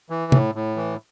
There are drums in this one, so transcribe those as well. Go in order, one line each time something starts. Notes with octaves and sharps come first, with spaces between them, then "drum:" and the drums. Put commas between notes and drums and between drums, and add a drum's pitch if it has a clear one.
E3
A2, drum: tom
A2
E3